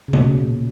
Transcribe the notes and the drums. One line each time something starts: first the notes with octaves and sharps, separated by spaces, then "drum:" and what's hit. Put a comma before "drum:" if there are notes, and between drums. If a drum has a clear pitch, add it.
C#3
B2, drum: tom C#3
A#2